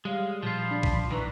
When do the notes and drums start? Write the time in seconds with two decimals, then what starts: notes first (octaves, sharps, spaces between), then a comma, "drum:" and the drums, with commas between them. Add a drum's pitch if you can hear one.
0.05 G3 G#3 C#5 F5
0.43 A#2 F3 F4 B5 C6
0.71 D4
0.83 drum: kick
1.10 D#3 E3 B4 A#5 C#6